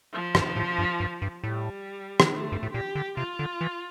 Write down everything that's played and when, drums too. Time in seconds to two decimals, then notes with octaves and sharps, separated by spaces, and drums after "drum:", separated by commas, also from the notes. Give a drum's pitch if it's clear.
0.13 F3
0.35 G2, drum: rim click
0.56 A2
0.78 G2
1.00 G2
1.22 G2
1.43 A2 G3
2.20 drum: rim click
2.30 A3
2.52 G2
2.63 A2
2.73 A#2 G4
2.95 D3
3.17 C3 F4
3.39 D3
3.61 E3